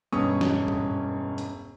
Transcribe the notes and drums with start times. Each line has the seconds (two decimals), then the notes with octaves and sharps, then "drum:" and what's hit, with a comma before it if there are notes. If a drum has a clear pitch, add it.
0.12 E1 G2 C#4 C#6 D#6
0.41 drum: snare
0.68 drum: tom
1.38 drum: hi-hat